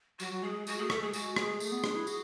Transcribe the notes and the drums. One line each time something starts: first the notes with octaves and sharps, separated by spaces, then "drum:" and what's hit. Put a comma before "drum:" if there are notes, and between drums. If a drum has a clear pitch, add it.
F#3 F#4, drum: tambourine
F#3
G#3 G#4
G#3
G#3 F#4, drum: tambourine
A3 G#4
A3 A4, drum: rim click
G#3 G#4
G#3 F#4, drum: tambourine
G#4, drum: rim click
A3, drum: tambourine
B3
D4, drum: rim click
E4
F#4, drum: tambourine